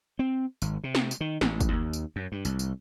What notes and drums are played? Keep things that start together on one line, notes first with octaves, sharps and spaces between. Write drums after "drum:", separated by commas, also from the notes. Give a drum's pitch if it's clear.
C4
G#1, drum: tambourine
C3
drum: snare
drum: tambourine
D#3
A1, drum: snare
drum: kick, tambourine
D#2
drum: tambourine
F#2
G2
C2, drum: tambourine
drum: tambourine